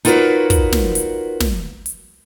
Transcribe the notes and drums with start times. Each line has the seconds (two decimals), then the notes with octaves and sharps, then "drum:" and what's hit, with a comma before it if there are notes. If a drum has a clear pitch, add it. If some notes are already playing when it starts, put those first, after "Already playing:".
0.05 D#4 F4 F#4 A#4 B4 C#5, drum: hi-hat
0.50 drum: kick, hi-hat
0.73 drum: snare
0.95 drum: hi-hat
1.40 drum: snare
1.86 drum: hi-hat